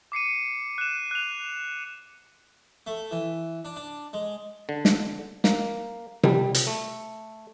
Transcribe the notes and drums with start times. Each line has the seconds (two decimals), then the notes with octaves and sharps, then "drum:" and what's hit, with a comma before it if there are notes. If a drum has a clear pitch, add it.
0.12 D6 C7 C#7 D#7
0.78 F#6 E7
1.11 F#6 F7
2.87 A3
3.11 E3
3.65 D4
3.76 D4
4.13 G#3
4.69 D3
4.85 drum: snare
5.44 A#3, drum: snare
6.24 G3, drum: tom C3
6.54 drum: hi-hat
6.67 A3